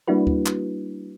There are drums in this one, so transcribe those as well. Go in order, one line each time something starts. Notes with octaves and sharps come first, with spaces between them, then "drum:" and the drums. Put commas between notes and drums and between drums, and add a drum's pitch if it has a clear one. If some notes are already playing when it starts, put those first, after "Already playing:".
G3 A#3 D4 E4 F#4 B4
drum: kick D2
drum: clap